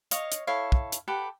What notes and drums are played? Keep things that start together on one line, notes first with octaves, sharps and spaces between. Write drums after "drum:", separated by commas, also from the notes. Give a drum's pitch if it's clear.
C#5 D#5 F5, drum: hi-hat
drum: hi-hat
E4 A4 C#5 F5
drum: kick
drum: hi-hat
G4 A4 B4 F#5